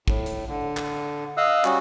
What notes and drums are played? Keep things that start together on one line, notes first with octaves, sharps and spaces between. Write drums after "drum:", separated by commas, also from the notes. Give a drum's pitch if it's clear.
A2, drum: kick
drum: hi-hat
D3
drum: clap
D#5 F5 D#6 E6 F#6
G3 C#4 F#4, drum: clap